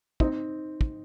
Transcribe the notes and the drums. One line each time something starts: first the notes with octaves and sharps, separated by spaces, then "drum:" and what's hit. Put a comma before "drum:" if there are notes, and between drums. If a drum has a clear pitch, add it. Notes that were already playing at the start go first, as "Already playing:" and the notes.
C4 D#4, drum: kick
drum: kick